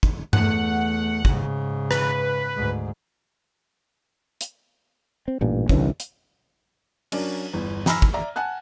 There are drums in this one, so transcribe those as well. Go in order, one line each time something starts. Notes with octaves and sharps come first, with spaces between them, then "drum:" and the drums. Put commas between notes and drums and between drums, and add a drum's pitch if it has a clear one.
drum: kick
E2 A3 F#5, drum: tom G2
G#2 C#3, drum: kick
B4, drum: rim click
D2 G#2
drum: hi-hat
C4
A1 G2 A#2
C2 D3 E3 C#4, drum: kick
drum: hi-hat
F#3 C#4 D4 A#4 D5, drum: cymbal
G1 E2
G#5 A#5 B5 E6 F6 A#6, drum: snare
drum: kick
D5 E5 A#5
F#5 G#5 A5 F#6